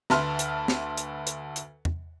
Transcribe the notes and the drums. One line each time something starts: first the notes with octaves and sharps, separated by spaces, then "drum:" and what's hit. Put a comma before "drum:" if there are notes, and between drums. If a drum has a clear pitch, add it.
D2 B4 E5 A5 C6 F6, drum: snare
drum: hi-hat
drum: snare
drum: hi-hat
drum: hi-hat
drum: hi-hat
drum: tom E2